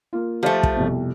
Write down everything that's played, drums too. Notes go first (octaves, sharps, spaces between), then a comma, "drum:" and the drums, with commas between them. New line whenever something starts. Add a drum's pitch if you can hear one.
A#3 F4
F3 A3 G4 C5
drum: kick
C2 F2 B2